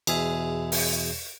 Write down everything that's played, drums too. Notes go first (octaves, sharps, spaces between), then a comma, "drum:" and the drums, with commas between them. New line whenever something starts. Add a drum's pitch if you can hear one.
E2 B2 G#4 E5 G#5, drum: cymbal
drum: open hi-hat